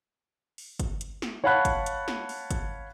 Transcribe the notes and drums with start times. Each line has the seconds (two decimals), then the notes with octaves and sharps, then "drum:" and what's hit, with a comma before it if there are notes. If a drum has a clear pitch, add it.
0.58 drum: open hi-hat
0.79 drum: kick G1, hi-hat
1.01 drum: hi-hat
1.22 drum: snare
1.44 C#5 F5 F#5 A5 B5 F#6
1.65 drum: kick G1, hi-hat
1.86 drum: hi-hat
2.08 drum: snare
2.29 drum: open hi-hat
2.51 drum: kick G1, hi-hat